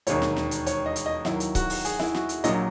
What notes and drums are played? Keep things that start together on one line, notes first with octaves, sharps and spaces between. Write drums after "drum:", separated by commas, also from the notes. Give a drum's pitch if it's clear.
E1 D#2 D#3 C#5, drum: hi-hat
drum: snare
drum: snare
drum: hi-hat
C#5, drum: hi-hat
D#5
drum: hi-hat
D#5
D#2 D#3 F#3 E4, drum: snare
drum: hi-hat
F#4, drum: kick C#1, hi-hat
drum: open hi-hat
G#4, drum: hi-hat
E4, drum: snare
F#4, drum: snare
drum: hi-hat
A#1 A#2 F#3 D#5, drum: hi-hat